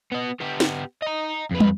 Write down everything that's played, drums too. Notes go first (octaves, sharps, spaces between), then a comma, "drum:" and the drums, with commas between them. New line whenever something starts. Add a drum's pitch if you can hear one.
B3 D#5
B3 G4
drum: snare
D#5 A#5
F2 B4
drum: tom